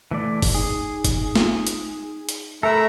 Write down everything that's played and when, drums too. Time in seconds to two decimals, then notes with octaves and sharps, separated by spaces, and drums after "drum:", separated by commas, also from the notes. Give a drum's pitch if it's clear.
0.11 E3 A3 D5
0.42 drum: kick F#1, open hi-hat
0.55 D#4 G#4
1.04 drum: kick F#1, hi-hat
1.36 drum: snare
1.67 drum: hi-hat
2.29 drum: hi-hat
2.63 A3 A4 A#4 E5 A#5 B5